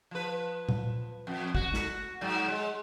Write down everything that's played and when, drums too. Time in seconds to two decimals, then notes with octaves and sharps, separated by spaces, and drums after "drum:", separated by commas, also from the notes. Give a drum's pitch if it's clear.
0.11 F3 B4
0.69 drum: tom A#2
1.27 F2
1.55 F#4, drum: kick
1.74 drum: snare
2.21 G#2 F#3
2.48 G#3